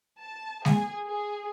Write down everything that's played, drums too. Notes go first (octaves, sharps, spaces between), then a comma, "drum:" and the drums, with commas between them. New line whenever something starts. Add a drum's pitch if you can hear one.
A5
G#4, drum: snare G#3
G#4